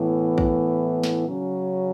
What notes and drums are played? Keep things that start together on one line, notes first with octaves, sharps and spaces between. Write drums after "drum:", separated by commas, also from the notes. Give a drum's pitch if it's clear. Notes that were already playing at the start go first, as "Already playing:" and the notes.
Already playing: A2 E3 B3
drum: kick
drum: snare
C#3 F#3 C#4